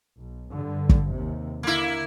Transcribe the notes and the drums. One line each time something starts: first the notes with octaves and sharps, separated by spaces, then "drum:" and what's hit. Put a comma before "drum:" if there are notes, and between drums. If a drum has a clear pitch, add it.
B1
G2 D3
drum: kick
D#2 C3
D3 A#3 E4